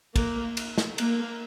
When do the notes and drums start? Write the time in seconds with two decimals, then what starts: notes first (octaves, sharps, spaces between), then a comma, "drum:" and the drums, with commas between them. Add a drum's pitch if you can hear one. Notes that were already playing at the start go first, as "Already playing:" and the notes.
0.16 A#3, drum: kick, cymbal
0.57 drum: cymbal
0.78 drum: snare
0.98 A#3, drum: cymbal